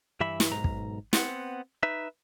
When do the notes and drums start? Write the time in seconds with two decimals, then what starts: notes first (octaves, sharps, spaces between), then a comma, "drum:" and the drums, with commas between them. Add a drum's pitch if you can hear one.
0.20 G2 E3 E5 B5
0.40 drum: snare
0.52 B1 G#2 A#5
0.64 drum: kick
1.13 B3 C4 F#5, drum: snare
1.83 D#4 B4 E5